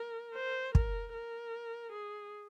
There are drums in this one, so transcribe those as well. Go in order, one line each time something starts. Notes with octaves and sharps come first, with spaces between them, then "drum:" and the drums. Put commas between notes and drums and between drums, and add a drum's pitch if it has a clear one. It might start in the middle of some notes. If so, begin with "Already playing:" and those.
Already playing: A#4
C5
A#4, drum: kick
A#4
G#4